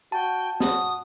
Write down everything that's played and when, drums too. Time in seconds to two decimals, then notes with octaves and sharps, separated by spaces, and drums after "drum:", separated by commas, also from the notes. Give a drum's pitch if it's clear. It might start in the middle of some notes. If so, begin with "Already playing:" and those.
0.12 F#4 G5 A5
0.60 F#4 D#6, drum: snare